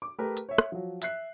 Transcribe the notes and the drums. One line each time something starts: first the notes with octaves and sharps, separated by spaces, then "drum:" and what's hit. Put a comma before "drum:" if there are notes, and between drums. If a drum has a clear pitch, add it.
D6
A3 G4 A#4 B4
drum: hi-hat
C#5 E5
drum: rim click
F3 F#3
E5 F#6 C7, drum: hi-hat